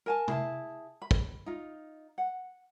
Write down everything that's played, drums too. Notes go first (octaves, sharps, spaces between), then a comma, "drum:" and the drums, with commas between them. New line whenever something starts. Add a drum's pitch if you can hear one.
A#4 G#5 A5
E4 G#4 A5, drum: tom
B5
drum: kick
D#4 F4
F#5